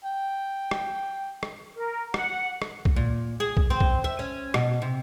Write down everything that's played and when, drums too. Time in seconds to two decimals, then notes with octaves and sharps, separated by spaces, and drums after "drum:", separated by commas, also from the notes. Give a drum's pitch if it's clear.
0.05 G5
0.71 drum: rim click
1.43 drum: rim click
1.74 A#4
2.14 F#5, drum: rim click
2.62 drum: rim click
2.85 drum: kick
2.96 A#2
3.40 G#4
3.57 drum: kick
3.70 C4
3.80 drum: kick
4.04 E5
4.19 C#4
4.54 B2, drum: rim click
4.82 C3